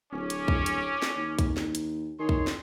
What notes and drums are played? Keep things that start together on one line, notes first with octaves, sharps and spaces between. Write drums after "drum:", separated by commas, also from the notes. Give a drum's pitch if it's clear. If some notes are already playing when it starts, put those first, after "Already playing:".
D1 C#4 D6
drum: hi-hat
drum: kick
drum: hi-hat
drum: snare
D#2
drum: kick, hi-hat
drum: snare
drum: hi-hat
D#3 G#4 C#5 C6
drum: kick
drum: snare